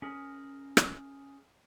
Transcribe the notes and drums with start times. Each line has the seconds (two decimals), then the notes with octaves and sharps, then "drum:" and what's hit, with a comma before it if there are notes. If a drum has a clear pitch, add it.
0.02 C#4 G#4 A#4
0.77 drum: rim click